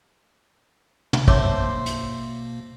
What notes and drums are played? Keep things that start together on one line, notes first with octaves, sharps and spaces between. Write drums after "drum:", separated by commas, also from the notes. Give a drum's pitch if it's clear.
drum: tom
B2 A#3 C5 C#5 E5 A5 D6 E6, drum: kick
drum: hi-hat